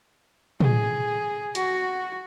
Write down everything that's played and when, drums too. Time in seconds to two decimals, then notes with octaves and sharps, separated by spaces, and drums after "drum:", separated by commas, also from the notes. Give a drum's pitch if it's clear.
0.60 G#4, drum: tom
1.55 F#4, drum: hi-hat